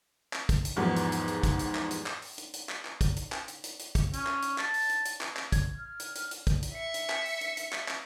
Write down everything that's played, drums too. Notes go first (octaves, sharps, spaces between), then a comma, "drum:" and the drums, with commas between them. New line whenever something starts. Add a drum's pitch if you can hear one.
drum: clap
drum: kick, hi-hat
drum: hi-hat
E2 G#2 D#3 F3 G3 B3
drum: hi-hat
drum: hi-hat
drum: hi-hat
drum: kick, hi-hat
drum: hi-hat
drum: clap
drum: hi-hat
drum: clap
drum: open hi-hat
drum: hi-hat
drum: hi-hat
drum: clap
drum: clap
drum: kick, hi-hat
drum: hi-hat
drum: clap
drum: hi-hat
drum: hi-hat
drum: hi-hat
drum: kick, hi-hat
C#4, drum: hi-hat
drum: clap
drum: hi-hat
A5, drum: clap
drum: open hi-hat
drum: hi-hat
drum: hi-hat
drum: clap
drum: clap
G#6, drum: kick, hi-hat
F6
drum: hi-hat
drum: hi-hat
drum: hi-hat
drum: kick, hi-hat
drum: hi-hat
E5 C#7
drum: hi-hat
drum: clap
drum: open hi-hat
drum: hi-hat
drum: hi-hat
drum: clap
drum: clap